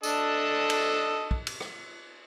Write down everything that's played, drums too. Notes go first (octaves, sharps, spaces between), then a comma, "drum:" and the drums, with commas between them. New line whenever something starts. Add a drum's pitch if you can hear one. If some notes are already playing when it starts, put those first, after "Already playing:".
D4 A4 D#5, drum: tambourine
drum: cymbal
drum: kick
drum: cymbal
drum: rim click